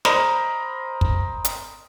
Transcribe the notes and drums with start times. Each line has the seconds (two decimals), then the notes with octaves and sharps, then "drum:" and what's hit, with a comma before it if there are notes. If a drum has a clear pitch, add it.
0.05 A#4 C5 D#5 A#5 B5, drum: snare
1.01 drum: kick
1.45 drum: hi-hat